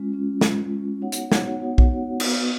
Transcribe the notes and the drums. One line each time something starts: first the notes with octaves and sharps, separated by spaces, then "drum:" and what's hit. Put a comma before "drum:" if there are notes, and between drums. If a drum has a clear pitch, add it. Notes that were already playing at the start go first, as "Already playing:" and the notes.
Already playing: G#3 C#4 F4
G#3 C#4 F4
G#3 C#4 F4, drum: snare
G#3 C#4 F4
B3 D#4 F#4 C#5 F#5
drum: hi-hat
B3 D#4 F#4 C#5 F#5, drum: snare
B3 D#4 F#4 C#5 F#5
drum: kick
B3 D#4 F#4 C#5 F#5
B3 F#4 B4, drum: cymbal